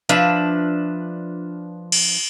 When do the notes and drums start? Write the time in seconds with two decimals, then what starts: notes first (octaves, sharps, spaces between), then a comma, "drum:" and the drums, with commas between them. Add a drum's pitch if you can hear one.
0.09 F3 D4 B4 E5, drum: hi-hat
1.92 drum: cymbal